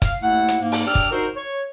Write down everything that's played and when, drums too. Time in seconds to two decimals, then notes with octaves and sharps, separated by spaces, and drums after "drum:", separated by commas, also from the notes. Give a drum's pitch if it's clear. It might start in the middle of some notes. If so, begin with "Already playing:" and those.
0.02 F5, drum: kick, hi-hat
0.22 D#2 A3 E4 F#5
0.48 drum: hi-hat
0.61 G#2 A#3
0.72 drum: open hi-hat
0.86 D4 G4 D5 E6 F6
0.95 drum: kick
1.11 D#4 F#4 A#4 C5
1.36 C#5